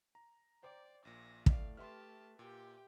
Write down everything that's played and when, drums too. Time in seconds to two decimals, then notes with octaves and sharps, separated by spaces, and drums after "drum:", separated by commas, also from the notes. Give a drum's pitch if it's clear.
0.15 A#5
0.63 C5 D5 G5 D6
1.05 A#1 A#2 A#6
1.46 A2 A3 D5 F5, drum: kick
1.77 G4 B4 E5 A5 C6 F6
2.39 A#2 G4 G5